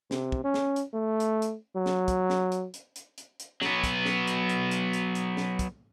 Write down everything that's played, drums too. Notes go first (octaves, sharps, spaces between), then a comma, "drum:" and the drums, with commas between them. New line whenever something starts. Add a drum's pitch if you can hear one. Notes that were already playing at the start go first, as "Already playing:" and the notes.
C3, drum: snare
drum: kick
C#4
drum: snare
drum: hi-hat
A3
drum: hi-hat
drum: hi-hat
F#3
drum: snare
drum: kick, hi-hat
drum: snare
drum: hi-hat
drum: hi-hat
drum: hi-hat
drum: hi-hat
drum: hi-hat
F#3 B3, drum: snare
drum: kick, hi-hat
drum: snare
drum: hi-hat
drum: hi-hat
drum: hi-hat
drum: hi-hat
drum: hi-hat
drum: snare
drum: kick, hi-hat